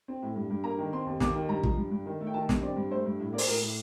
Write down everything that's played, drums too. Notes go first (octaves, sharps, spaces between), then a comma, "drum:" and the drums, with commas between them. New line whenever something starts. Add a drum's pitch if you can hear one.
C4
A2
G2
G2
A#3 A#5
D#3
C4 C6
D#2
D#2 D6, drum: snare
D#3
G2 A#5
F3, drum: kick
G2
G2
D#3
A3
G5
D#3 A5
G2, drum: snare
C4 D5
G2
A3 C5
G2
A2
A#3 D5
C5, drum: open hi-hat
A2 A#4
A2